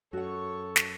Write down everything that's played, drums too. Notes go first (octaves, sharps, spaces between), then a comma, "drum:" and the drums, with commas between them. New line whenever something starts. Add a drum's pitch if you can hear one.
F#2 F#4 A4 C#5 F#5 C#6
drum: snare